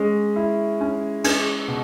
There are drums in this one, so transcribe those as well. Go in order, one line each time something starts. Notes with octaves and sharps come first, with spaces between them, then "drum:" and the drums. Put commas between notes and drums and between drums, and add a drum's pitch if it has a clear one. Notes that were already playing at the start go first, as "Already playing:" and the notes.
Already playing: G#3 C#4
E4
C#4
C#4, drum: cymbal
B2